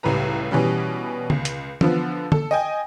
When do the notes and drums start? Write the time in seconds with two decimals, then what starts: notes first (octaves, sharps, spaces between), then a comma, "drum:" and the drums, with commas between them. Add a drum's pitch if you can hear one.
0.03 C#2 A2 G3 B4 A#5
0.51 B2 E3 G3 C#4
1.30 C#2, drum: tom D3
1.45 drum: hi-hat
1.81 D3 F3 B3, drum: tom E3
2.32 A4, drum: tom D3
2.51 D#5 G5 G#5